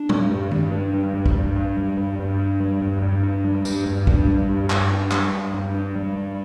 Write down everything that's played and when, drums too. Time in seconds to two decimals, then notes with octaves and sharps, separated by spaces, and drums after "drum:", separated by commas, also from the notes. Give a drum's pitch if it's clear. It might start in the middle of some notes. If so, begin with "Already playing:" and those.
Already playing: D4
0.09 G3, drum: tom A2
0.30 G2
0.51 G2, drum: tom D#3
0.71 D4
0.93 G3
1.14 G2
1.26 drum: kick
1.35 G2
1.56 D4
1.77 G3
1.97 G2
2.19 G2
2.39 D4
2.60 G3
2.81 G2
3.02 G2
3.23 D4
3.44 G3
3.65 G2, drum: tambourine
3.86 G2
4.07 D4, drum: kick
4.27 G3
4.48 G2
4.70 G2, drum: clap
4.91 D4
5.11 G3, drum: clap
5.32 G2
5.54 G2
5.74 D4
5.95 G3
6.16 G2